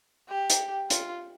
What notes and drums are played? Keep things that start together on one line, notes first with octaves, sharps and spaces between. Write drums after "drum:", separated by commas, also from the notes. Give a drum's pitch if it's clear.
G4
drum: hi-hat
F4, drum: hi-hat